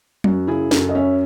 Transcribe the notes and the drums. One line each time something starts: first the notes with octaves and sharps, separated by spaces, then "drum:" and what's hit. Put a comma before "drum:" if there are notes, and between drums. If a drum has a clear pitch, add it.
F#2 F#4, drum: tom F#3
C#3 E4 G#4
F#2 F#4 A4, drum: snare
D#5
C#4 C#5 E5